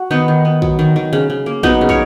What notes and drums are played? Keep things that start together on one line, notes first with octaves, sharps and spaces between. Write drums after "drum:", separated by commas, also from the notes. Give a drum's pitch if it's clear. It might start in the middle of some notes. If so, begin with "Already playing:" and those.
Already playing: F#4
D#3 B3 D#4
D#3
B3
F#3, drum: kick
D#3
D#3
C#3
C#3
A#3
F#3 B3 D#4, drum: kick
C#3
A#4 C#5, drum: kick